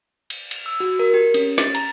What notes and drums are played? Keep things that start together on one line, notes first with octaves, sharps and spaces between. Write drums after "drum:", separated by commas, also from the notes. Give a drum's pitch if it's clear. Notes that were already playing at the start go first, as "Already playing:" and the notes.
drum: cymbal
drum: cymbal
E6
F#4
A#4
G4
C#4, drum: cymbal
A6, drum: snare
A#5, drum: cymbal